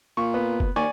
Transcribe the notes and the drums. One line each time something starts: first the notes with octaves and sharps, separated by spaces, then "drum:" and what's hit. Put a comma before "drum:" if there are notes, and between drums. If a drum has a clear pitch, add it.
A#2 C#6
B3
drum: kick F#1
D#2 D5 G#5 C#6